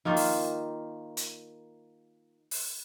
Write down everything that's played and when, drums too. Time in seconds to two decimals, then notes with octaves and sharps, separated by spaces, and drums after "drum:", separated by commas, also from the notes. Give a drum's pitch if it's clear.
0.05 D#3 A#3 D#4 F4
0.17 drum: open hi-hat
1.17 drum: hi-hat
2.51 drum: open hi-hat